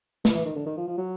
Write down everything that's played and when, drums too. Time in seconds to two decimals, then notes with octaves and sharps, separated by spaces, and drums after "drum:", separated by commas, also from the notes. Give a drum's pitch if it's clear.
0.25 E3, drum: snare
0.35 E3
0.45 D#3
0.56 D3
0.66 D#3
0.77 F3
0.87 F3
0.98 F#3